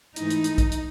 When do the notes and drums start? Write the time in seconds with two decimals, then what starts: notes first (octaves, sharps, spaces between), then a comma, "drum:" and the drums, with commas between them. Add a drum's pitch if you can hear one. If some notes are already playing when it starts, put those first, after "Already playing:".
0.16 G#2 E3 A3 D#4, drum: hi-hat
0.30 drum: hi-hat
0.44 drum: hi-hat
0.58 drum: kick, hi-hat
0.72 drum: hi-hat